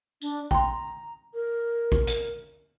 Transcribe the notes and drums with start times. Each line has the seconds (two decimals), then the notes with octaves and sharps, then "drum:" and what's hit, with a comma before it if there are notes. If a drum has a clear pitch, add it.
0.22 D4, drum: tambourine
0.51 G5 A#5 C6, drum: kick
1.34 A#4
1.92 drum: kick
2.07 drum: hi-hat